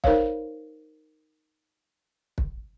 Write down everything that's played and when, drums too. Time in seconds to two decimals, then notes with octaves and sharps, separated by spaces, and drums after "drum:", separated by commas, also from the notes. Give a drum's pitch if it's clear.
0.04 D#4 A#4 C5 C#5 F5, drum: kick
2.38 drum: kick